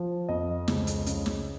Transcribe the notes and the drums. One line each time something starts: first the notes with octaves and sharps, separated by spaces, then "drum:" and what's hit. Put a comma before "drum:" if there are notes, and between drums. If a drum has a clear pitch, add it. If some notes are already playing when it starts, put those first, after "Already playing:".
Already playing: F3
F2 D#5
C#2, drum: snare
drum: hi-hat
C#3, drum: hi-hat
drum: snare